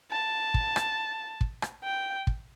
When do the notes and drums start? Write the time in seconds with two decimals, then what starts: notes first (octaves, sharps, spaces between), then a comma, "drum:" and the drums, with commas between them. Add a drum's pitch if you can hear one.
0.11 A5
0.54 drum: kick
0.76 drum: rim click
1.41 drum: kick
1.62 drum: rim click
1.83 G5
2.27 drum: kick